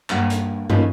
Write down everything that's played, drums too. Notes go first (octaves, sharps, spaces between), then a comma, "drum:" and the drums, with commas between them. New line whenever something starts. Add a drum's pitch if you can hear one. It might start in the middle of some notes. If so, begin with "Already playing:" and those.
G2 A#3 F#5, drum: clap
drum: hi-hat
A3 A#3 C#4 D#4 F4 B4, drum: tom G2